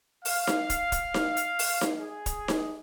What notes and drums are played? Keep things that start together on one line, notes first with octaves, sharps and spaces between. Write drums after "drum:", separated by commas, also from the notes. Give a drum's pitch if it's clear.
F5, drum: open hi-hat
drum: snare D#4
drum: kick, hi-hat
drum: kick, hi-hat
drum: snare D#4
drum: hi-hat
drum: open hi-hat
drum: snare D#4
G#4
drum: kick, hi-hat
drum: snare D#4